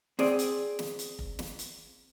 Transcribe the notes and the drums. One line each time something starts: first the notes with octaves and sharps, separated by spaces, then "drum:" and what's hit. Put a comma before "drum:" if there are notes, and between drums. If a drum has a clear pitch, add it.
C4 G#4 D5, drum: snare
drum: hi-hat
drum: snare
drum: hi-hat
drum: kick F1
drum: snare
drum: hi-hat